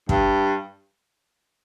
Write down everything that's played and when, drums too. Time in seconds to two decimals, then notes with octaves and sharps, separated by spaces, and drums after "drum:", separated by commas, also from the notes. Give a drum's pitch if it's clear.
0.09 G2, drum: kick